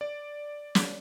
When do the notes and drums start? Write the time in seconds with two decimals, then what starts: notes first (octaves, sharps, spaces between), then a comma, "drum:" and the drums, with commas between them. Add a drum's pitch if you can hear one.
0.01 D5
0.75 drum: snare